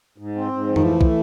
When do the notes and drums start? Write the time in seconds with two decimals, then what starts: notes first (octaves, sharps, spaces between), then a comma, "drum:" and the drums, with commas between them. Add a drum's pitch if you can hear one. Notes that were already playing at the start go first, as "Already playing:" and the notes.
0.18 G#2
0.35 C4
0.52 G#2
0.68 F3
0.76 D#3, drum: tom F2
0.84 E3 A3
1.01 A3, drum: kick